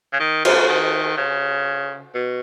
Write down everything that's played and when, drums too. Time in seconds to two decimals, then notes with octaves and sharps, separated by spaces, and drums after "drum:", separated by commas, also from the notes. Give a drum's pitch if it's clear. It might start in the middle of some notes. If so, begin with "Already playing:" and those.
0.13 C#3
0.20 D#3
0.45 F3, drum: cymbal
0.69 D#3
1.17 C#3
2.15 B2